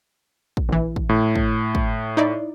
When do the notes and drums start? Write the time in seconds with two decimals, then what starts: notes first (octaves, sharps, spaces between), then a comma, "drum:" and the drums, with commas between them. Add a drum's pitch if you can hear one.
0.57 drum: kick
0.69 A#1 E3
0.96 drum: kick
1.09 A2
1.36 drum: kick
1.75 drum: kick
2.17 D#4 E4 D5